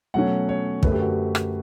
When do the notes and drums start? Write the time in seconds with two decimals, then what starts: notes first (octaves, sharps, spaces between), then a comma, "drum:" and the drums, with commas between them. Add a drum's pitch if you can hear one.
0.14 B2 F#3 A3 C#4 F#5
0.49 C#5
0.83 F#2 D3 A3 B4, drum: kick
0.92 G4
1.00 F#4
1.09 G4
1.35 drum: rim click